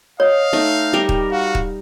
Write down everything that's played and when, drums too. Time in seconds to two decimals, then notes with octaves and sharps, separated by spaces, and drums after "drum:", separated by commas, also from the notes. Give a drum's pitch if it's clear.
0.20 C#5 D#5 F5
0.53 A3 D#4
0.93 G3 G4 A#4 D#5
1.09 drum: kick D#1
1.32 F#4 F5
1.55 drum: kick D#1